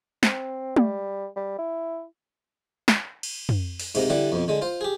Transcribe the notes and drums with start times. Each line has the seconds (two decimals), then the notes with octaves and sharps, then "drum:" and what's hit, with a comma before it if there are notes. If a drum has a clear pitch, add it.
0.23 C4, drum: snare
0.76 G3, drum: tom G#3
1.36 G3
1.59 E4
2.88 drum: snare
3.23 drum: cymbal
3.49 drum: tom
3.80 drum: open hi-hat
3.95 G#2 C3 A#3 A#5, drum: cymbal
4.10 D3 G3 E4 F#5
4.32 F2 B2
4.48 D3 G#3
4.61 F4 C5
4.81 G4 G#4